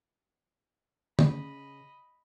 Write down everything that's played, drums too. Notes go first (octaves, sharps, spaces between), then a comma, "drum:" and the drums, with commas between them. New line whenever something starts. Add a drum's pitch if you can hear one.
C#3 D#5 B5, drum: tom